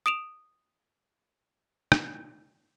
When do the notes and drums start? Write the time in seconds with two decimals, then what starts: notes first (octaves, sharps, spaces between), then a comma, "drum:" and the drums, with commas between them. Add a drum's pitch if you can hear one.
0.06 D#6 D7 E7 F7
1.92 drum: rim click